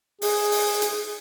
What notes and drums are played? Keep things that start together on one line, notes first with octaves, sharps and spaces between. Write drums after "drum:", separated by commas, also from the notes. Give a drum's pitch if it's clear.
G#4, drum: open hi-hat
drum: open hi-hat
drum: hi-hat